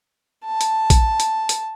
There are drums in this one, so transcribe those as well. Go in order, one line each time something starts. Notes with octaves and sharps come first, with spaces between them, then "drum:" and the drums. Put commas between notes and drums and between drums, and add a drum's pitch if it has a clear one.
A5
drum: hi-hat
drum: kick A#1, hi-hat
drum: hi-hat
drum: hi-hat